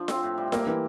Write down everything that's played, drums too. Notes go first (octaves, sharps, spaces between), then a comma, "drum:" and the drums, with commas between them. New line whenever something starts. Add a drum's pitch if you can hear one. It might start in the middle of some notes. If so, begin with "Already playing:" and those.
Already playing: F3 D4
C4, drum: snare F4
A2
G3
G3 A#3, drum: snare F4
E3